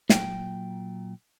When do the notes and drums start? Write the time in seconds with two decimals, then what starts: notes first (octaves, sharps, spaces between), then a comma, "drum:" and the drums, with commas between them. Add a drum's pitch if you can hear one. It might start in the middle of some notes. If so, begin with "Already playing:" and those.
0.09 A#2 F#3 G5, drum: snare